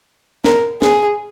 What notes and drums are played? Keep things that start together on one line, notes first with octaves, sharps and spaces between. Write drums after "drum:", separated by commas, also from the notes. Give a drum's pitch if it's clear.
A#4, drum: snare
G#4, drum: snare